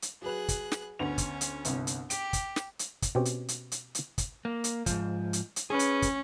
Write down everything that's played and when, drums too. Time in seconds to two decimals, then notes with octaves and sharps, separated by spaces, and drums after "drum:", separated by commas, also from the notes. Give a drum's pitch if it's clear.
0.02 drum: hi-hat
0.22 F#3 G#4 B4 F#6
0.48 drum: kick, hi-hat
0.72 drum: snare
0.99 D2 B3 C#4 F7
1.18 drum: kick, hi-hat
1.41 drum: hi-hat
1.65 G1 C2, drum: hi-hat
1.87 drum: hi-hat
2.10 G4 D7, drum: hi-hat
2.33 drum: kick, hi-hat
2.56 drum: snare
2.79 drum: hi-hat
3.02 drum: kick, hi-hat
3.15 B2 C4 C#4 G4
3.25 drum: hi-hat
3.48 drum: hi-hat
3.72 drum: hi-hat
3.95 drum: hi-hat
4.18 drum: kick, hi-hat
4.45 A#3
4.64 drum: hi-hat
4.86 G#2 F3, drum: kick, hi-hat
5.33 drum: hi-hat
5.56 drum: hi-hat
5.70 C#4 G#4 B4
5.79 drum: hi-hat
6.02 drum: kick, hi-hat